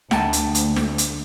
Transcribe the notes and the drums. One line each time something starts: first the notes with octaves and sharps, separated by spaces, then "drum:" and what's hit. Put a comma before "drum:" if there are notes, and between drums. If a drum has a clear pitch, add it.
D2 F#5 G5 A5, drum: snare
drum: hi-hat
drum: hi-hat
drum: snare
drum: hi-hat